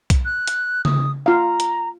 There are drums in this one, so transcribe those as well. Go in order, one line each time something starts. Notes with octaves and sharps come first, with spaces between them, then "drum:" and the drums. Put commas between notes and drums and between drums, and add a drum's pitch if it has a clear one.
drum: kick B1, hi-hat
F#6
drum: hi-hat
D#6, drum: tom C#3
F4 F5 A#5
drum: hi-hat